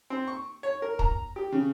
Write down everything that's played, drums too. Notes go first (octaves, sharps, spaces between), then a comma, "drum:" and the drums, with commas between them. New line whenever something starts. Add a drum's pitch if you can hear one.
C4
C#6
C#5
A#4
A#5, drum: kick
G4
C#3